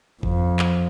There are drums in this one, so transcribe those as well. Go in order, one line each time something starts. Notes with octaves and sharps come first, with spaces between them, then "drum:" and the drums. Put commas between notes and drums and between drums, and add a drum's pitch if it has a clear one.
F2, drum: kick F#1
drum: clap